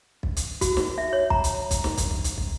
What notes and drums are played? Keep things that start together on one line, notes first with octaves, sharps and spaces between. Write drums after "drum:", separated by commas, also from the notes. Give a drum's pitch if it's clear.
drum: kick
drum: hi-hat
F#4, drum: kick, hi-hat
drum: snare
E5
C#5
A#5, drum: kick
drum: hi-hat
drum: kick, hi-hat
drum: snare
drum: kick, hi-hat
drum: kick
drum: hi-hat
drum: kick